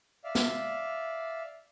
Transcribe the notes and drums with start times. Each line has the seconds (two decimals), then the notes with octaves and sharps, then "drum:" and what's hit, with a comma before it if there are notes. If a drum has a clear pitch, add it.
0.24 D5 E5 F5
0.35 drum: snare